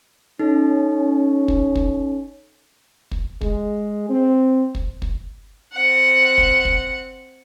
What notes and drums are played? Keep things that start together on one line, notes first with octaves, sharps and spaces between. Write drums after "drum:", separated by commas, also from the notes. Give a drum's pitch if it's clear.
C#4 D#4 A4
drum: kick
drum: kick
drum: kick
G#3, drum: kick
C4
drum: kick
drum: kick
C4 F#5
drum: kick
drum: kick